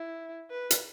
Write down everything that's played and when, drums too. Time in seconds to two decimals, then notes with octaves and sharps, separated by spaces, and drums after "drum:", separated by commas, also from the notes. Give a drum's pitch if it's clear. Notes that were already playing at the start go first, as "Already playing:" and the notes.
Already playing: E4
0.51 B4
0.70 drum: hi-hat